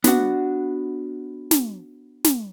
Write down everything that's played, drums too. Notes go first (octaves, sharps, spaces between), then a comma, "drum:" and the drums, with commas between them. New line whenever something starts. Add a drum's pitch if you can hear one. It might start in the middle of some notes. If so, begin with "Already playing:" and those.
B3 D4 F#4 F#5, drum: snare
drum: snare
drum: snare